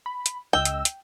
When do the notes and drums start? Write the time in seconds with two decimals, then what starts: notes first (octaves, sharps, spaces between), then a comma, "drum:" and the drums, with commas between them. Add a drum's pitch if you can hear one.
0.06 B5
0.26 drum: hi-hat
0.53 C#2 D#5 G5 E6
0.65 drum: hi-hat
0.85 drum: hi-hat